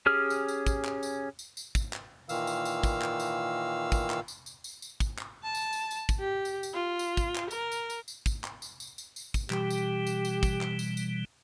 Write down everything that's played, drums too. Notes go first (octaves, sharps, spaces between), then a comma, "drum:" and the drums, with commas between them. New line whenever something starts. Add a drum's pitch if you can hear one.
C#4 G4 G#4 F6
drum: tambourine
drum: tambourine
drum: kick, tambourine
drum: clap
drum: tambourine
drum: tambourine
drum: tambourine
drum: kick, tambourine
drum: clap
A#2 D#3 E3 F5 E6, drum: tambourine
drum: tambourine
drum: tambourine
drum: kick, tambourine
drum: clap
drum: tambourine
drum: kick, tambourine
drum: clap
drum: tambourine
drum: tambourine
drum: tambourine
drum: tambourine
drum: kick, tambourine
drum: clap
A5
drum: tambourine
drum: tambourine
drum: tambourine
drum: kick, tambourine
G4
drum: tambourine
drum: tambourine
F4
drum: tambourine
drum: kick, tambourine
drum: clap
A#4, drum: tambourine
drum: tambourine
drum: tambourine
drum: tambourine
drum: kick, tambourine
drum: clap
drum: tambourine
drum: tambourine
drum: tambourine
drum: tambourine
drum: kick, tambourine
B2 E3 G3 G4, drum: clap
drum: tambourine
drum: tambourine
drum: tambourine
drum: kick, tambourine
drum: clap
drum: tambourine
drum: tambourine